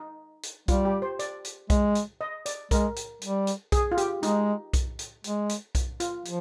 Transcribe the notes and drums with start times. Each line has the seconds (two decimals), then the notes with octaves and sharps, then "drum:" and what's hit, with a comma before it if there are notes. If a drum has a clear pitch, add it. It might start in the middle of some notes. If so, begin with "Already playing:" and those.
Already playing: D#4
0.43 drum: hi-hat
0.68 G3 F4, drum: kick B1, hi-hat
0.85 G4
1.02 C5
1.19 D5, drum: hi-hat
1.45 drum: hi-hat
1.70 G#3, drum: kick B1, hi-hat
1.95 drum: hi-hat
2.21 D#5
2.46 D5, drum: hi-hat
2.71 G#3 A#4, drum: kick B1, hi-hat
2.96 drum: hi-hat
3.22 G3, drum: hi-hat
3.47 drum: hi-hat
3.72 G#4, drum: kick B1, hi-hat
3.92 F4
3.97 G4, drum: hi-hat
4.23 G#3 D#4, drum: hi-hat
4.73 drum: kick B1, hi-hat
4.99 drum: hi-hat
5.24 G#3, drum: hi-hat
5.49 drum: hi-hat
5.75 drum: kick B1, hi-hat
6.00 F4, drum: hi-hat
6.25 F3, drum: hi-hat